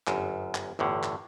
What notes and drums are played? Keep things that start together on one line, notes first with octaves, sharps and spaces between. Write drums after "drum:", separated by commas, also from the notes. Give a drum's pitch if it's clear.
G1 F#2, drum: clap
drum: clap
G1 E2 A2 D3
drum: clap